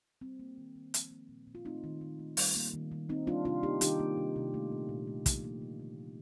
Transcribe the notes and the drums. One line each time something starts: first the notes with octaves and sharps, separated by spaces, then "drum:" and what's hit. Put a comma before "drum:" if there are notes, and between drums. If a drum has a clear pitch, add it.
G3 C4
A#3
D#3
D#3
F3, drum: hi-hat
A#3
A#2
A#2
F4
A3 C4 D#4
D#3
D#3
A3
G3, drum: open hi-hat
A#3
D#3
D#3
D#3 C4 D#4
G3 D4 F4
C3 D4 F4
A#3 D#4 G4
D#3 D#4 G4, drum: hi-hat
A#3
C3
C3
A3
A#2
A#2
A3
F3, drum: kick, hi-hat
A#3
D3
D3
A3